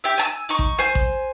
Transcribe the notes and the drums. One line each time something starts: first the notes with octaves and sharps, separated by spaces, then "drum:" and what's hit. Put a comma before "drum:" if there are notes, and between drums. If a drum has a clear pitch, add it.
G4 E5
G#5 A5 E6
D#4 C#6
drum: kick A1
C5 G#5, drum: rim click
drum: kick A1